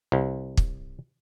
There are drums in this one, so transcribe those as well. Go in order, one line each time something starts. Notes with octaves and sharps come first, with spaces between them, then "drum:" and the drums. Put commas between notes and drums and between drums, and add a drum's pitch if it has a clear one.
C2
drum: kick